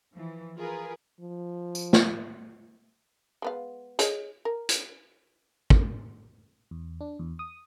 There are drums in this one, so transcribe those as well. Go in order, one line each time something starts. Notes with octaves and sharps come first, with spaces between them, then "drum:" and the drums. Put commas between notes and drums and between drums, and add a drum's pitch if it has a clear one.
E3 F3
F4 G#4 A#4 B4
F3
drum: tambourine
drum: snare
G#3 B3 F5
G#4 C#5 D#5, drum: hi-hat
A#4
drum: hi-hat
drum: kick
E2
D4
E2
D#6